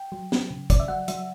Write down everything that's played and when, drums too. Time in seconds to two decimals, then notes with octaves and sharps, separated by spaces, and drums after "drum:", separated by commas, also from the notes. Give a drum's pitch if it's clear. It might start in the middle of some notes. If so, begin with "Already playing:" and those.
Already playing: G5
0.12 F#3
0.32 F#3, drum: snare
0.51 C#3
0.70 C#3 D5, drum: kick, hi-hat
0.80 E5
0.88 F#3 F#5
1.08 F#3 E5, drum: hi-hat